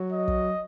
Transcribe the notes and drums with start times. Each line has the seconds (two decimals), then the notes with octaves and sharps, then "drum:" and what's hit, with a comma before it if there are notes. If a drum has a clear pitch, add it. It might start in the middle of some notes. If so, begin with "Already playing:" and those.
Already playing: F#3
0.12 D#5
0.28 drum: kick